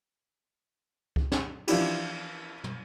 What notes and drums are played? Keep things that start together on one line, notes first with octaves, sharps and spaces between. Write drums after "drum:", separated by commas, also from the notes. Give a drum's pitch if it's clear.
drum: kick C#2
drum: snare
E3 F3 D4 E4 G4, drum: cymbal
drum: tom